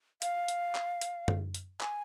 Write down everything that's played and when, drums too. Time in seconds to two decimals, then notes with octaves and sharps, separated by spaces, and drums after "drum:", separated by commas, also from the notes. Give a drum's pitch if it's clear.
0.22 F5, drum: hi-hat
0.48 drum: hi-hat
0.75 drum: clap
1.01 drum: hi-hat
1.28 drum: tom F#2
1.54 drum: hi-hat
1.81 G#5, drum: clap